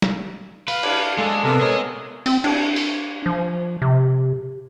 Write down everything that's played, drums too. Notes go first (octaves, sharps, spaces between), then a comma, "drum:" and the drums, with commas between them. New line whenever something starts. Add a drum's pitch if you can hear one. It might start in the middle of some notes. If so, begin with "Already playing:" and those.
drum: snare
B4 F5, drum: open hi-hat
D4, drum: cymbal
G#3 A4
C3 B3 A4 A#4
G#4 C#5 D#5
C4, drum: open hi-hat
D4, drum: cymbal
drum: open hi-hat
F3
C3